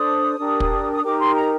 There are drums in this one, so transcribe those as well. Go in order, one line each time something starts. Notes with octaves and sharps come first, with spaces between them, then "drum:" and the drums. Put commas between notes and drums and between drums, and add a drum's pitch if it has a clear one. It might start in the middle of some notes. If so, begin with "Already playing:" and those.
Already playing: D4 A4 C5 D#6
D4 G4 A#4
drum: kick
D#6
D#4 G4 A#4 D6
C6
A#5